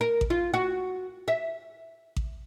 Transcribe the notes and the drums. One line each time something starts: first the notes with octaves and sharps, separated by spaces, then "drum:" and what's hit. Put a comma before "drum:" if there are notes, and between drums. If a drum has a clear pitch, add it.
A#4
drum: kick A1
F4
F#4
E5
drum: kick A1